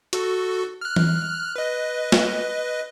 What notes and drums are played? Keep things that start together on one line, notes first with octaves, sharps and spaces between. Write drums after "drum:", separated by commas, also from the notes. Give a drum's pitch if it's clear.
F#4 A4, drum: hi-hat
F6 F#6
drum: tom E3
B4 D#5
drum: snare